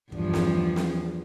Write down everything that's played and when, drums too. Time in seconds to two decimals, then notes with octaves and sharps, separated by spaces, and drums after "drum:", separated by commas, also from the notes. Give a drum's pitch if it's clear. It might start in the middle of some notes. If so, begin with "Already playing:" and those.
0.12 E2 G2 F3, drum: kick
0.34 drum: snare
0.76 drum: snare